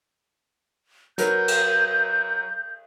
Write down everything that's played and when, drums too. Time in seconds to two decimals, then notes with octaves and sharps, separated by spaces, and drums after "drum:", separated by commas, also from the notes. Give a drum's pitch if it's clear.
1.18 F#3 A#4 B4 G6, drum: hi-hat
1.48 drum: cymbal